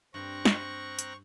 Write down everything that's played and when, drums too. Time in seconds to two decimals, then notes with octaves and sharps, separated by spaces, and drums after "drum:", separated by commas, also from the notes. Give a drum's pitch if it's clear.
0.14 G2 C4 A#5 C#6 F#6
0.45 drum: snare
0.99 drum: hi-hat